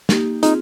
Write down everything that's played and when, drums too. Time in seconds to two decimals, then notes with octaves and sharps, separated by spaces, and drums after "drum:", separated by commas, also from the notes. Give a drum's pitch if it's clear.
0.09 A#3 D#4 G4, drum: snare
0.43 C4 D#4 F4 G#4, drum: hi-hat